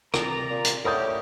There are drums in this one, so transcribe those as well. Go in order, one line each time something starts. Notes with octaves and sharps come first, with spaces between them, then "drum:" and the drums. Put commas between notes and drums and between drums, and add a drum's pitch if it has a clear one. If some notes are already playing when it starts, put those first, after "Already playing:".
C3 A#4 D5 A#5, drum: rim click
A#2
drum: hi-hat
A2 C#4 G4 A#4 D5 F#5 D#6 G6